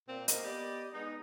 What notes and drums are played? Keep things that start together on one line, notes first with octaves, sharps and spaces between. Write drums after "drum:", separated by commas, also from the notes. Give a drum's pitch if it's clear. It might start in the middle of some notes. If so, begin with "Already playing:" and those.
A#2 C4
A#3 D#5, drum: hi-hat
B3 G4 D5
G#3 B3 D#4